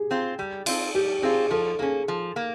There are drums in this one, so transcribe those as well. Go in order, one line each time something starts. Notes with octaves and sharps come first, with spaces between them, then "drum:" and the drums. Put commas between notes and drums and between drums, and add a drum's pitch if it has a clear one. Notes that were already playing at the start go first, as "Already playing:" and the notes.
Already playing: G4 G#4
C4 F4
G3
C4 F4, drum: cymbal
G3 G4
C4 F4 G#4
F3 A4
A#3 C#4 G#4
F3
A#3